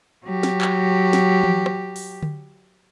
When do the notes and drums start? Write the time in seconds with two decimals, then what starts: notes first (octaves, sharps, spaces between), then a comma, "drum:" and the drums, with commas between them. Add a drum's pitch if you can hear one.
0.25 F#3 G4
0.43 drum: snare
0.61 drum: clap
1.13 drum: snare
1.43 drum: tom E3
1.66 drum: rim click
1.96 drum: open hi-hat
2.23 drum: tom D3